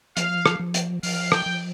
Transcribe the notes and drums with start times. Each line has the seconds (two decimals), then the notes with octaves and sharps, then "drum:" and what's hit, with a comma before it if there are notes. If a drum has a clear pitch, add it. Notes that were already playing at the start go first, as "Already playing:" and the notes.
0.17 F3 F5, drum: hi-hat
0.46 drum: rim click
0.60 F3
0.74 drum: hi-hat
1.03 F3 F5, drum: open hi-hat
1.32 G5, drum: rim click
1.46 F3